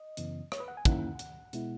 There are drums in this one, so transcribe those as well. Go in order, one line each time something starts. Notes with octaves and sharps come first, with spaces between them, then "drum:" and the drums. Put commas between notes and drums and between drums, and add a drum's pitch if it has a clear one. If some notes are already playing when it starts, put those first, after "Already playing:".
Already playing: D#5
F#2 C#3 E3 B3, drum: hi-hat
C#5, drum: rim click
B4
F#5
G#5
F#2 D#3 A#3 C#4 E4 F#5, drum: kick, hi-hat
drum: hi-hat
B2 G#3 B3 E4, drum: hi-hat